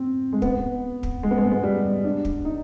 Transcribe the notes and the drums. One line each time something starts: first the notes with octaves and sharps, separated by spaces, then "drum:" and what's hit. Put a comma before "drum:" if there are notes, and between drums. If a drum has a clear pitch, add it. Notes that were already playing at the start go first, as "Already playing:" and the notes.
Already playing: C4
G#3
B3, drum: kick
drum: kick
G#3
B3
G#3
B3
G#3
G3
D4
drum: kick
D#4